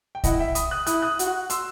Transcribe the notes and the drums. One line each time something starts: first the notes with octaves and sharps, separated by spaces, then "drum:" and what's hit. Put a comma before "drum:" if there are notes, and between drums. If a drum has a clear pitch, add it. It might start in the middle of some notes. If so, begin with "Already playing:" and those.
G5
E4 D#5 F#5, drum: kick, hi-hat
E5 G5
B5 D#6, drum: hi-hat
D#6 F#6
E4 D#6 F#6, drum: hi-hat
D#6 F#6
F#4, drum: hi-hat
C6 E6, drum: hi-hat